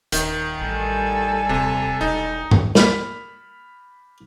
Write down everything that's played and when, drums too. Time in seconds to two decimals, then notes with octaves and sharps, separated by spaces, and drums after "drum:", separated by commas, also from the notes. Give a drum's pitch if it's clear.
0.12 D#1 D#3, drum: hi-hat
0.60 A1 G3 A4 G#5
1.49 D#1 C3
2.01 E1 D#4
2.51 drum: tom G2
2.75 A#2 B5 F6 B6, drum: snare